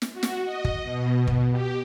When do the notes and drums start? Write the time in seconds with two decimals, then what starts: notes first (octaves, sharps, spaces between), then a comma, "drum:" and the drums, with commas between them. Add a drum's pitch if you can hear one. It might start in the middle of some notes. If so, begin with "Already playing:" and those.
0.02 drum: snare
0.13 F#4
0.23 drum: snare
0.44 D#5
0.65 drum: kick
0.84 B2
1.27 drum: kick
1.51 G4